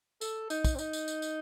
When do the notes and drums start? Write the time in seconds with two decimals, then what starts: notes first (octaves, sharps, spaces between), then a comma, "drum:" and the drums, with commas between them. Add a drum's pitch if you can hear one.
0.21 A4, drum: tambourine
0.50 D#4, drum: tambourine
0.64 drum: kick, tambourine
0.75 C4
0.79 D#4, drum: tambourine
0.93 drum: tambourine
1.08 drum: tambourine
1.22 drum: tambourine